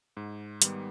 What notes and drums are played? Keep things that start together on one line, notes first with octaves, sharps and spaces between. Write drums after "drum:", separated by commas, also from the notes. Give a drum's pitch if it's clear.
G#2
D#3 G3 B3, drum: hi-hat